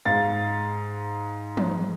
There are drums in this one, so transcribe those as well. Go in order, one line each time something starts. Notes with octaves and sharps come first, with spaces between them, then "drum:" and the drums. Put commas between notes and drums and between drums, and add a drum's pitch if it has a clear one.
G#2 F5 A6
drum: tom E3